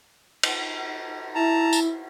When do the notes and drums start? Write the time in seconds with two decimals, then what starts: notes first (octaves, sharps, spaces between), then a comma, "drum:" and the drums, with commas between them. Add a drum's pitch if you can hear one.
0.43 drum: cymbal
1.35 E4 A5 A#5
1.73 drum: tambourine